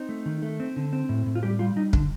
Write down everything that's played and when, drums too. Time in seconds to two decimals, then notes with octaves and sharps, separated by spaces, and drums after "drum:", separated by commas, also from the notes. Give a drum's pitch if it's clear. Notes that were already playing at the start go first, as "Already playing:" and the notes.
Already playing: C4 D#4
0.09 A3
0.26 D#3
0.42 A3
0.60 C4
0.76 D3
0.93 C4
1.09 A2
1.26 A2
1.35 F4
1.43 G3 G4
1.59 G3 F4
1.76 G3 D#4
1.93 D3 D4, drum: kick